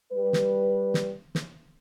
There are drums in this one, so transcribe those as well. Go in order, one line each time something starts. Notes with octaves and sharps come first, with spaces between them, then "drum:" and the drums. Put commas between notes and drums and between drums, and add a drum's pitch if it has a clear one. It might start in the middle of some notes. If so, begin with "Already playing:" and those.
G3 B4
drum: snare
drum: snare
drum: snare